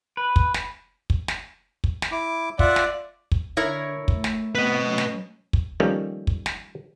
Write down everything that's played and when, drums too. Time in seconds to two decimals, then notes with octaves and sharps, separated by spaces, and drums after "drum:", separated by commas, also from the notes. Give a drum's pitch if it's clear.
0.17 B4
0.36 drum: kick
0.54 drum: snare
1.10 drum: kick
1.28 drum: snare
1.84 drum: kick
2.02 drum: snare
2.12 E4 D6
2.59 F4 D5 E5 F#5, drum: kick
2.76 drum: snare
3.32 drum: kick
3.57 D3 E4 A#4 C#5
4.08 A3, drum: kick
4.24 drum: snare
4.55 A3 B3 C4 B4 D#5
4.87 F#3 A3 C#4
4.98 drum: snare
5.53 drum: kick
5.80 D#3 F3 G3 A3 A#3 C#4
6.27 drum: kick
6.46 drum: snare